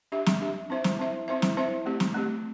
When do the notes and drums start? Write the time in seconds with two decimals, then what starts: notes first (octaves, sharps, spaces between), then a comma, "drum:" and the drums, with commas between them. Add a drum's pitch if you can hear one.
0.12 D4 G4 E5
0.26 drum: snare
0.41 D4 G4 E5
0.70 C4 E4 C5 E5
0.84 drum: snare
0.99 C4 E4 C5 E5
1.28 C4 E4 C5 E5
1.42 drum: snare
1.57 C4 E4 C5 E5
1.86 A3 C4 G4
2.00 drum: snare
2.14 A3 C4 G4